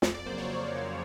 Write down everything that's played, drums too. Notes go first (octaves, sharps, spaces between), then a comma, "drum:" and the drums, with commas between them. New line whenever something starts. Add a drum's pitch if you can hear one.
F2, drum: snare
D5
C#3 F#3 A#3 C5
C#5
F2
C#3 F#3 A#3